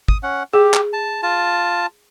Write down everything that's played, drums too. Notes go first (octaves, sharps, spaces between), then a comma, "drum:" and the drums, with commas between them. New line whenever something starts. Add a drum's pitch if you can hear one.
D#6, drum: kick
C#4 F#5
G4 G#4
drum: clap
A5
F4 A5